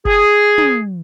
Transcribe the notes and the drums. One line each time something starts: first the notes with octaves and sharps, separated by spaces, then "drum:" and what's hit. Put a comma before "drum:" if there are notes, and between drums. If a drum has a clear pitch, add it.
G#4, drum: kick F#1
drum: tom